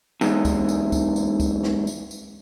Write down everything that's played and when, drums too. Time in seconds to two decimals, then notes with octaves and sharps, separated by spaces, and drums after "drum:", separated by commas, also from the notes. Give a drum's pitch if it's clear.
0.21 E2 G#2, drum: tambourine
0.45 drum: kick, tambourine
0.69 drum: tambourine
0.92 drum: kick, tambourine
1.16 drum: tambourine
1.40 drum: kick, tambourine
1.63 drum: snare
1.87 drum: tambourine
2.11 drum: tambourine